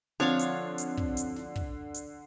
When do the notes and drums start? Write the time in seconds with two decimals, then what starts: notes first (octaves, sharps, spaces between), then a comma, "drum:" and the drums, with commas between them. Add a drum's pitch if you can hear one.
0.20 D3 F3 C4 D4 C#5 F5, drum: snare
0.39 drum: hi-hat
0.78 drum: hi-hat
0.97 drum: kick
1.17 drum: hi-hat
1.36 drum: snare
1.56 drum: kick, open hi-hat
1.94 drum: hi-hat